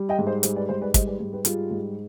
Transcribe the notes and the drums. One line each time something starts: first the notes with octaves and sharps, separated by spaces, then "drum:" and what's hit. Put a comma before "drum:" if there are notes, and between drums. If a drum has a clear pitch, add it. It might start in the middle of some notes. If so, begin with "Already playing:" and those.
Already playing: G3
D#5 G5
G#2
C5 D#5
G3 G#4 C5, drum: hi-hat
B4 D5
G#2 G#4 C5
B4 D5
G3 C5 D#5, drum: kick, hi-hat
B4 D5
G#2
G4 B4
G3 F4 G#4, drum: hi-hat
G#2